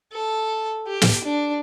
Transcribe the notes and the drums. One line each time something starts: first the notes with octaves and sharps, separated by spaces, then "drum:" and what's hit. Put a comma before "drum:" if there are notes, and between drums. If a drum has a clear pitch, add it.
A4
G4
drum: snare
D4